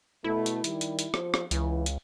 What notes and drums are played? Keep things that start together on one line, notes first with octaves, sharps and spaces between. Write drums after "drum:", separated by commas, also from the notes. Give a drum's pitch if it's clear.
B2 A3 E4
drum: hi-hat
D#3 G3, drum: hi-hat
drum: hi-hat
drum: hi-hat
F3, drum: rim click
drum: rim click
C#2 E3, drum: hi-hat
drum: hi-hat